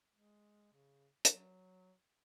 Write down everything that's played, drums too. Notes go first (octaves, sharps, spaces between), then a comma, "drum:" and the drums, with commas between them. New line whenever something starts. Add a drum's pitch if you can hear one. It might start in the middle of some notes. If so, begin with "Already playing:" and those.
G#3
C#3
F#3, drum: hi-hat